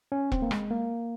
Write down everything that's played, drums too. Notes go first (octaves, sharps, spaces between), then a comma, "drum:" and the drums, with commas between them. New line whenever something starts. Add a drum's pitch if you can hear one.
C#4
C4, drum: kick E1
A#3
G#3, drum: rim click
A#3